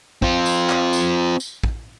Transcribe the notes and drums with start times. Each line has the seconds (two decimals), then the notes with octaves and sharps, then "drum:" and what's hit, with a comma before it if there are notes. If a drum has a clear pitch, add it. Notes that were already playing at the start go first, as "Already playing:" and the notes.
0.22 C4 F4, drum: kick
0.46 drum: tambourine
0.69 drum: clap
0.93 drum: tambourine
1.40 drum: tambourine
1.64 drum: kick